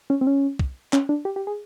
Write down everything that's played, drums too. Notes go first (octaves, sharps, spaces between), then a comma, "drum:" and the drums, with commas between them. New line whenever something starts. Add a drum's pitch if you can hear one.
C#4
C4
C#4
drum: kick
C#4, drum: clap
D4
G4
G4
G#4